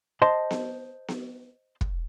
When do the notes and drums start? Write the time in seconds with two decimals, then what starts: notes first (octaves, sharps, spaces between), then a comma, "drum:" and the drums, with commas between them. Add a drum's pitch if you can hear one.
0.22 C5 D#5 A5 C6
0.51 drum: snare B3
1.08 drum: snare B3
1.81 drum: kick